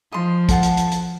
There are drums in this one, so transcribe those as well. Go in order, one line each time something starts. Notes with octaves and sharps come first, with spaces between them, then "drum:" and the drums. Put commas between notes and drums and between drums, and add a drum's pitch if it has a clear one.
F3 D#5 C6
A4 F#5 A5, drum: kick, hi-hat
drum: hi-hat
drum: hi-hat
drum: hi-hat